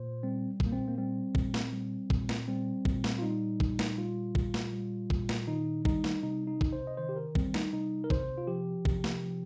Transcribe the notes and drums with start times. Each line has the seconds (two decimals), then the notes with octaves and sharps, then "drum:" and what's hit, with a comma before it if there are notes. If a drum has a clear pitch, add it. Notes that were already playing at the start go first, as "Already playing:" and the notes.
Already playing: A#2 C5
0.23 G3 C4
0.60 A#2, drum: kick
0.66 A#3
0.73 C4
0.88 A#3
0.98 G3 C4
1.35 A#2, drum: kick
1.54 drum: snare
1.73 G3
2.10 A#2, drum: kick
2.29 drum: snare
2.48 G3 C4
2.85 A#2, drum: kick
3.04 drum: snare
3.19 F4
3.22 G3 D#4
3.60 A#2, drum: kick
3.79 drum: snare
3.98 G3 F4
4.35 A#2, drum: kick
4.54 drum: snare
4.73 G3
5.10 A#2, drum: kick
5.29 drum: snare
5.47 D#3 D#4
5.85 G3 D#4, drum: kick
6.04 drum: snare
6.23 C3 D#4
6.47 D#4
6.61 C3, drum: kick
6.73 C5
6.87 D#5
6.97 D#3 C5
7.09 G4
7.16 A#4
7.35 G3 C4, drum: kick
7.54 D#4, drum: snare
7.73 C3 D#4
8.04 A#4
8.10 C3 C5, drum: kick
8.38 F4
8.47 F3 G4
8.85 C3, drum: kick
9.04 drum: snare
9.23 F3